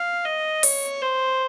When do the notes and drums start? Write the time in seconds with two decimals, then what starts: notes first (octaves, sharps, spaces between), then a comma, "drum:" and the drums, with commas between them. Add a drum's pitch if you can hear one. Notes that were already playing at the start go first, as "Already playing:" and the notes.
Already playing: F5
0.25 D#5
0.63 C#5, drum: open hi-hat
1.02 C5